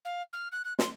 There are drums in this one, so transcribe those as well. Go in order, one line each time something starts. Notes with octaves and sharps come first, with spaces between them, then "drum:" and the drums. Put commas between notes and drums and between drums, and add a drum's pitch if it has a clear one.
F5
F6
F#6
F#6
C6, drum: snare